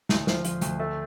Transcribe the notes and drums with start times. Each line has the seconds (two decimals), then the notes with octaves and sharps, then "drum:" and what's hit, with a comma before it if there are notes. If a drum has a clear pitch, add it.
0.09 D2, drum: snare
0.27 F3, drum: snare
0.45 F3, drum: hi-hat
0.61 D2, drum: hi-hat
0.80 A3